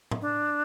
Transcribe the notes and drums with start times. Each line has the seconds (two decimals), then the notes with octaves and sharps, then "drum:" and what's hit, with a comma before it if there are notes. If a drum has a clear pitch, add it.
0.11 drum: tom
0.21 D4